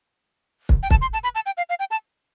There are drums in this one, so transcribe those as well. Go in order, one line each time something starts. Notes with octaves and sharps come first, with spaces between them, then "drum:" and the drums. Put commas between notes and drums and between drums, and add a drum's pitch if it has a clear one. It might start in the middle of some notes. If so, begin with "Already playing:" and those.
drum: kick
G5
A5, drum: kick
C6
A5
B5
A5
G5
F5
F5
G5
A5